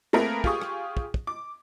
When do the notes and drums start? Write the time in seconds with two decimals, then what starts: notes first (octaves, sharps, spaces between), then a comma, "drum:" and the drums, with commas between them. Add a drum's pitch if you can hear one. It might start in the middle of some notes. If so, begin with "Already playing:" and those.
0.13 A3 A#3 C4 G#4 A#4 B4
0.44 F4 G4 G#4 C#6 D#6, drum: kick
0.62 drum: rim click
0.97 drum: kick
1.14 drum: kick
1.27 D6